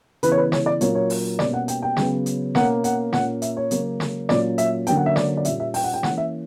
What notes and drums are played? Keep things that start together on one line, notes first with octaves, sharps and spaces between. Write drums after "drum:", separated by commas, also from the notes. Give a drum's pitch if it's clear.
C#3 E3 B3 B4, drum: hi-hat
C#5
B4
C#5, drum: snare
D5
A#2 F#3 A#3 C#4 C#5, drum: hi-hat
C#5
drum: open hi-hat
B2 G3 A#3 C#4 D5, drum: snare
F#5
G5, drum: hi-hat
G5
C#3 F#3 B3, drum: snare
drum: hi-hat
B2 A#3 C#4 F#5, drum: snare
F#5, drum: hi-hat
A#2 A#3 C#4 F#5, drum: snare
E5, drum: hi-hat
C#5
C#3 F#3 A#3 C#4, drum: hi-hat
drum: snare
A#2 F#3 A#3 C#4 D5, drum: snare
E5, drum: hi-hat
D3 F#3 A#3 C#4 G5, drum: hi-hat
F#5
E5
D5, drum: snare
D5
A#2 G3 A#3 C#4 E5, drum: hi-hat
E5
G5, drum: open hi-hat
F#5
G5
E3 A#3 C#4 F#5, drum: snare
E5